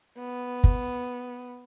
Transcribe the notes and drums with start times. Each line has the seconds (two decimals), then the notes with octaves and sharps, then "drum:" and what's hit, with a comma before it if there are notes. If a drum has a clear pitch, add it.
0.18 B3
0.64 drum: kick